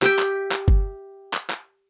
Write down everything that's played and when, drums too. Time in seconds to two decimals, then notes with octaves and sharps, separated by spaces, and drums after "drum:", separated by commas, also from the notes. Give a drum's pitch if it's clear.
0.02 G4 E5 G5, drum: clap
0.19 drum: clap
0.51 drum: clap
0.68 drum: kick F#1
1.33 drum: clap
1.50 drum: clap